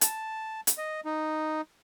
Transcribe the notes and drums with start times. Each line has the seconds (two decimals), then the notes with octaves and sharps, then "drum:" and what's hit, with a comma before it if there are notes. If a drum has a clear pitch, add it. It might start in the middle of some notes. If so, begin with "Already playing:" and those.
0.01 A5, drum: hi-hat
0.67 drum: hi-hat
0.78 D#5
1.05 D#4